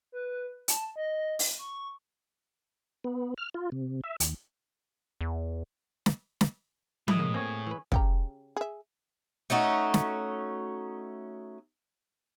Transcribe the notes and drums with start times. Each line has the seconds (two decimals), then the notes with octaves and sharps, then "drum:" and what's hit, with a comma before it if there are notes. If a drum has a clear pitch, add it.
0.12 B4
0.68 A5, drum: hi-hat
0.96 D#5
1.39 drum: open hi-hat
1.59 C#6
3.04 B3
3.38 F6
3.54 F4
3.72 C3
4.04 E5
4.20 D#2, drum: hi-hat
5.21 E2
6.06 drum: snare
6.41 drum: snare
7.08 A2 G#3 E4 D#5, drum: tom F3
7.19 C#3 A#3
7.34 A#3 C4 G#4 C#5
7.67 E3 B4
7.92 C#3 G4 A#5, drum: kick
8.56 G#4 E5
9.50 A3 C#4 D#4 F#4
9.94 drum: snare